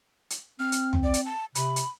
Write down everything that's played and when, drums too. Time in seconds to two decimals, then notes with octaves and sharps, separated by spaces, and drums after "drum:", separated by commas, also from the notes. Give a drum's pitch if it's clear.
0.30 drum: hi-hat
0.59 C4 F6
0.72 drum: hi-hat
0.93 drum: tom
1.03 D5
1.14 drum: hi-hat
1.25 A5
1.55 C3 B5, drum: hi-hat
1.76 drum: hi-hat